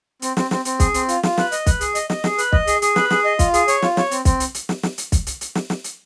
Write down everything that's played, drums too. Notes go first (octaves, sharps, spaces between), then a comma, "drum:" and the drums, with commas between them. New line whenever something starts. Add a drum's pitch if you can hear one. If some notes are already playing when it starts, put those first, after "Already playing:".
C4, drum: hi-hat
C4, drum: snare
C4, drum: snare
C4, drum: hi-hat
G#4, drum: kick, hi-hat
C4, drum: hi-hat
F4, drum: hi-hat
F4, drum: snare
B4, drum: snare
D#5, drum: hi-hat
B4, drum: kick, hi-hat
G#4, drum: hi-hat
D#5, drum: hi-hat
D#5, drum: snare
G#4, drum: snare
B4, drum: hi-hat
D#5, drum: kick
G#4, drum: hi-hat
G#4, drum: hi-hat
B4, drum: snare
G#4, drum: snare
D#5
F4, drum: kick, hi-hat
G#4, drum: hi-hat
C#5, drum: hi-hat
F4, drum: snare
C#5, drum: snare
C4, drum: hi-hat
C4, drum: kick, hi-hat
drum: hi-hat
drum: hi-hat
drum: snare
drum: snare
drum: hi-hat
drum: kick, hi-hat
drum: hi-hat
drum: hi-hat
drum: snare
drum: snare
drum: hi-hat